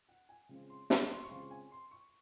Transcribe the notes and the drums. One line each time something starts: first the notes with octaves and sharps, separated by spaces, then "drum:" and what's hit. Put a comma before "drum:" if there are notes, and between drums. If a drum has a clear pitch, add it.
F#5
G#5
C#3 G#3 C4 F4
C6
C#6, drum: snare
C6
C#6
C#3 G#3 C4 F4 C6
G#5
C6
C#6